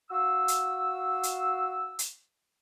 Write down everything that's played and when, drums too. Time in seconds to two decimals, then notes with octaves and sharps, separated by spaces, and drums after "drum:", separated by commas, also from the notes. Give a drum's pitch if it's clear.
0.10 F#4 F5 E6
0.48 drum: hi-hat
1.23 drum: hi-hat
1.99 drum: hi-hat